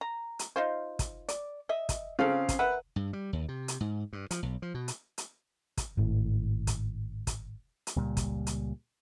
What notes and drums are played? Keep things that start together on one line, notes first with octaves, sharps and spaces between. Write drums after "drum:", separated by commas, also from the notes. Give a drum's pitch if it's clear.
A#5
drum: hi-hat
D#4 F4 C5
drum: kick, hi-hat
D5, drum: hi-hat
D#5 E5
drum: kick, hi-hat
C#3 C4 F4 A4 F5
drum: kick, hi-hat
A#4 B4 E5 F#5
G2
G3
D#2
C3
drum: hi-hat
G#2
G2
F3, drum: hi-hat
B1
F3
B2
drum: hi-hat
drum: hi-hat
drum: kick, hi-hat
G#1 A2
drum: kick, hi-hat
drum: kick, hi-hat
drum: hi-hat
C#2 A#2 G3
drum: kick, hi-hat
drum: hi-hat